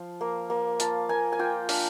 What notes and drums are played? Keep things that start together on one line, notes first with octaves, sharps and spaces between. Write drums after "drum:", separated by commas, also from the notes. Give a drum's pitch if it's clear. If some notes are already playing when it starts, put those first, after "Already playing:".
Already playing: F3 F4
A#3
A#3
F4 A5, drum: hi-hat
A#3 G#5
G#5
F4 G5
D4 F5, drum: open hi-hat